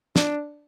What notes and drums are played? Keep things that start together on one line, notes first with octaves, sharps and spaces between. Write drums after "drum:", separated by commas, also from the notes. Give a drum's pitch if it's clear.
D4, drum: snare